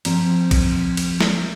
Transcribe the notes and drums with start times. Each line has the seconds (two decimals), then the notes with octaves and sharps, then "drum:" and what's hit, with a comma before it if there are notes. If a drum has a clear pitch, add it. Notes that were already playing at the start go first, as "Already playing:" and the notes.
0.05 F3 C4 A#5, drum: cymbal
0.51 drum: kick, cymbal
0.97 drum: cymbal
1.21 drum: snare